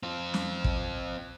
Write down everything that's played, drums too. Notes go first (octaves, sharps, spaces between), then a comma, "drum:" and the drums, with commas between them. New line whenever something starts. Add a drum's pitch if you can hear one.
C4 F4
drum: snare
drum: kick